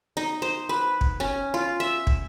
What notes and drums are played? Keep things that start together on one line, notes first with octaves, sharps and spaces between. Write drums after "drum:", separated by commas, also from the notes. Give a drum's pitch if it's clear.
D#4
C5
B4
drum: kick
C#4
F4
E5
drum: kick